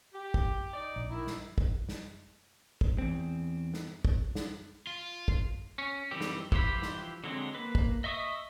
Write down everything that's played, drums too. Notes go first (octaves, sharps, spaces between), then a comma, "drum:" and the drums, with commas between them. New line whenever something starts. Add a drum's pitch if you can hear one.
G4
drum: kick
D#4 D5
A#1
D#3 E4
drum: snare
drum: kick
drum: snare
drum: kick
E2 C4
drum: snare
drum: kick
drum: snare
F4
drum: kick
C#4
D#3 E3 G3 C4 G4
drum: snare
E3 F3 G4 C5 B5, drum: kick
drum: snare
D3 F#3 G#3 C4
A#3 B4
drum: kick
D#5 E5 C#6 D#6